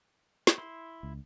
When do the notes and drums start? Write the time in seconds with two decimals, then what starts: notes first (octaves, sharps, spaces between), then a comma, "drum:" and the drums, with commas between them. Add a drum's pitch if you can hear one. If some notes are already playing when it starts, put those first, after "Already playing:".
0.47 drum: snare
0.58 E4 C6
1.03 C#2